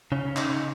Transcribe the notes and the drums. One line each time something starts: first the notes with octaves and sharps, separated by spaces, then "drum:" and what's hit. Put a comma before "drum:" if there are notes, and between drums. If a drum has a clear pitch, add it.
C#3 C#4
D#4, drum: clap
C#3